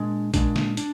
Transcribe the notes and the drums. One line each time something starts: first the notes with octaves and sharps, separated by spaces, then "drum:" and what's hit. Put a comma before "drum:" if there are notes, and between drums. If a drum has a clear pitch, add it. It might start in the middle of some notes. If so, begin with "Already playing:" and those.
Already playing: A#2 G#3 D4
A#2 G#3 D4, drum: kick, hi-hat
drum: snare
D4, drum: hi-hat